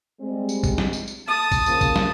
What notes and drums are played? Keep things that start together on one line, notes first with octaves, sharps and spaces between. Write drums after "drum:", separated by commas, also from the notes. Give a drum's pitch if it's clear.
G3 G#3 C4
drum: tambourine
drum: kick A#1, tambourine
drum: snare
drum: tambourine
drum: tambourine
A5 D#6
drum: kick A#1, tambourine
C#3 F3 A#3, drum: tambourine
drum: kick A#1, tambourine
drum: snare